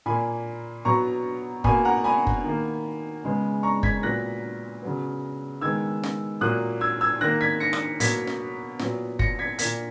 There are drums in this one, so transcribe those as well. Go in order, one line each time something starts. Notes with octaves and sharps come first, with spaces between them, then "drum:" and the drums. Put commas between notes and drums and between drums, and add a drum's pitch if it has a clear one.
A#2 A#3 G#5 B5
B2 F#3 B3 A#5 C#6
B2 A#3 G#5 B5, drum: kick
F#5 A#5
G#5 B5
drum: kick
D#3 A#3
C#3 G#3 B3
A#5 C#6
G#6 B6, drum: kick
A#2 F#3 B3 F#6 A#6
C#3 F#3 B3
D#3 G#3 B3 E6 G#6
drum: snare
A#2 F#3 A#3 D#6 F#6
E6 G#6
E6 G#6
D#3 A#3 F#6 A#6
G#6 B6
A#6 C#7
drum: rim click
B2 F#3 A#3 G#6 B6, drum: hi-hat
drum: snare
A#2 F#3 B3, drum: snare
A#6 C#7, drum: kick
G#6 B6
A#2 A#3 G#6 B6, drum: hi-hat